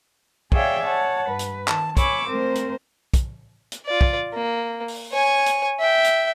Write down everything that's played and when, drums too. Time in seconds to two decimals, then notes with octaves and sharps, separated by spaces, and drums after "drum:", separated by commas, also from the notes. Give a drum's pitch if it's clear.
0.52 G#4 C#5 D5 E5 F5 G5, drum: kick
0.84 C#5 F#5 A5
1.26 G2 B4
1.39 drum: hi-hat
1.68 D#3 A5, drum: clap
1.97 C#5 G#5 B5 C#6 D6 E6, drum: kick, hi-hat
2.28 A3 C4 A#4 C5
2.55 drum: hi-hat
3.14 drum: kick, hi-hat
3.72 drum: hi-hat
3.86 F4 D5
4.01 drum: kick
4.33 A#3
4.88 drum: open hi-hat
5.13 C#5 G#5
5.46 drum: hi-hat
5.80 E5 G5
6.04 drum: hi-hat